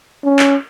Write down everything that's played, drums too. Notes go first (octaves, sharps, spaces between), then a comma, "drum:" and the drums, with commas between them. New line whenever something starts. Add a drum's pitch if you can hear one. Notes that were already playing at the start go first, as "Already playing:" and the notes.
C#4
drum: clap